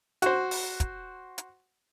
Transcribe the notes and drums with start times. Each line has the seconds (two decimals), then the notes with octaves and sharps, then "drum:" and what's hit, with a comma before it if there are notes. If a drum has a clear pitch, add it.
0.22 F#4 C5, drum: hi-hat
0.51 drum: open hi-hat
0.80 drum: kick, hi-hat
1.38 drum: hi-hat